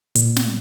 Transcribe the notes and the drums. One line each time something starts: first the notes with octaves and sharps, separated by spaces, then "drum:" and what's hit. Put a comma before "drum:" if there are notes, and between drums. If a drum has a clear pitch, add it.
A#2, drum: hi-hat
drum: snare